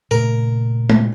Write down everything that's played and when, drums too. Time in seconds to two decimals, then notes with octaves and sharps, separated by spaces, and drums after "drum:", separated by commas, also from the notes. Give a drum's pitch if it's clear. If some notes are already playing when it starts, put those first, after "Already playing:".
0.11 A#2 C#3 A3 A#4
0.90 drum: tom G#3